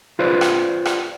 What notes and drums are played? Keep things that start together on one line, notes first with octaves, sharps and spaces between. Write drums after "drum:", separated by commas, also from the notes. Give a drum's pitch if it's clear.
F4 B4 C5 D5
drum: rim click
drum: rim click